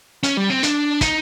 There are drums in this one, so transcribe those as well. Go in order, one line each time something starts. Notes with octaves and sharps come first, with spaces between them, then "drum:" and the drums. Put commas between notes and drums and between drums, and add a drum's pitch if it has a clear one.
C#4, drum: hi-hat
G3
C4
D4, drum: hi-hat
D#4, drum: kick, hi-hat